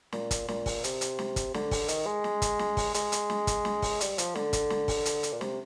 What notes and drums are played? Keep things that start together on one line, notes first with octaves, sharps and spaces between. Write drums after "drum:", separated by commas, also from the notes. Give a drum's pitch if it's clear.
A#2, drum: snare
drum: kick, hi-hat
A#2, drum: snare
drum: kick, open hi-hat
C3, drum: hi-hat
drum: hi-hat
drum: snare
drum: kick, hi-hat
D3, drum: snare
drum: kick, open hi-hat
D#3, drum: hi-hat
G#3
drum: snare
drum: kick, hi-hat
drum: snare
drum: kick, open hi-hat
G#3, drum: hi-hat
drum: hi-hat
drum: snare
drum: kick, hi-hat
drum: snare
drum: kick, open hi-hat
G3, drum: hi-hat
F3, drum: hi-hat
D3, drum: snare
drum: kick, hi-hat
drum: snare
drum: kick, open hi-hat
drum: hi-hat
drum: hi-hat
A#2
C3, drum: snare